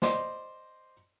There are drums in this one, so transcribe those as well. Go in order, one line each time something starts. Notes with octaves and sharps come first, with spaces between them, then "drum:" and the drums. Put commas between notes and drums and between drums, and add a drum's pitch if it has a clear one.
C5 D5 D#5 C6, drum: snare